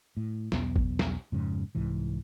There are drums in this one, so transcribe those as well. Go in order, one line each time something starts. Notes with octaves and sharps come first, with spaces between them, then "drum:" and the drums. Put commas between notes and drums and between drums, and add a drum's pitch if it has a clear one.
A2
B1 E2 B3, drum: snare
drum: kick
drum: snare
F2 G#2 C#3
C2 G#2 E3